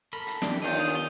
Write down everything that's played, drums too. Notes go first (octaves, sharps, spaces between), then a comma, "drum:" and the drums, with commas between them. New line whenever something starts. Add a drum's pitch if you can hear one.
A4 A#4 B5
drum: hi-hat
D4 G4, drum: snare
D#2 D#3 B3 D4 F4 A4 G6 D#7
D#6 D#7
G7